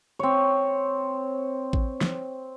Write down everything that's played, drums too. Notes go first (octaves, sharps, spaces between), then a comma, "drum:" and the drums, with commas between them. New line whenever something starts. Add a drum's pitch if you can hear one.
C4 C#5
drum: kick A1
drum: snare